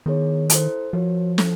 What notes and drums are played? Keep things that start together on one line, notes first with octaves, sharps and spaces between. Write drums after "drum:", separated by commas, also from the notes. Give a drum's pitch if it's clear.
D#3 B3 E4 G#4 C#5
E4 A4 C5, drum: hi-hat
F3 F#4 A#4 C#5
C#4 E4 A4, drum: snare